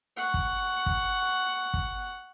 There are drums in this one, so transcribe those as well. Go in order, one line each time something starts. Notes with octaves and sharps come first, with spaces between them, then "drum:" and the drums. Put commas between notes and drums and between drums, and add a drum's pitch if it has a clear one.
F#5 C#6
drum: kick
drum: kick
drum: kick